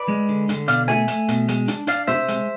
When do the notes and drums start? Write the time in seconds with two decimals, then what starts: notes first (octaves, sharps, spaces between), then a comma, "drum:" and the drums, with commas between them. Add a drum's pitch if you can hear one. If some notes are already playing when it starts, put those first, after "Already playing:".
Already playing: B4 D5
0.08 G#3
0.29 D3
0.49 D3, drum: hi-hat
0.68 B2 D5 F5, drum: hi-hat
0.88 A3 E5 G#5, drum: snare
1.08 A3, drum: hi-hat
1.28 B2, drum: hi-hat
1.48 G#3, drum: hi-hat
1.68 D4, drum: hi-hat
1.87 D4 D5 F5, drum: hi-hat
2.07 C3 C5 E5, drum: snare
2.28 G#3, drum: hi-hat